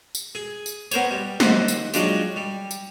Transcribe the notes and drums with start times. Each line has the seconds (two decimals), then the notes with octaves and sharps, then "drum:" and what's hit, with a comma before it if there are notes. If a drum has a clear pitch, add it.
0.15 drum: tambourine
0.35 G#4
0.66 drum: tambourine
0.91 B3 A#4 C5 C#5, drum: tambourine
1.11 G3
1.40 D#2 C5 D#5 F#5, drum: snare
1.68 drum: tambourine
1.94 F#3 G#3 D4 F4 G4, drum: tambourine
2.36 G3
2.71 drum: tambourine